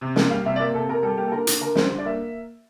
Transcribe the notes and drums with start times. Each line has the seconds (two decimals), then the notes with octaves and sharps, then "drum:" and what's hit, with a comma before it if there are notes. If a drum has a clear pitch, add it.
0.01 C3
0.16 A#3, drum: snare
0.30 G3 F5
0.45 C3 E5
0.56 D5
0.60 A#3 E5
0.74 C3 A4
0.88 C3 A#4
1.03 G3 A4
1.17 A#3 G4
1.28 A4
1.32 D3 A#4
1.47 D3, drum: hi-hat
1.61 D3 A#4
1.76 G3 C5, drum: snare
1.91 D3
1.98 D5
2.05 A#3 E5